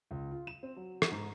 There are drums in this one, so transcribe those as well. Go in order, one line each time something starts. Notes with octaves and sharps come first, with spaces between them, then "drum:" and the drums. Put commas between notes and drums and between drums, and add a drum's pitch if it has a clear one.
C#2
F4
E7
C4
F#3
drum: rim click
G#2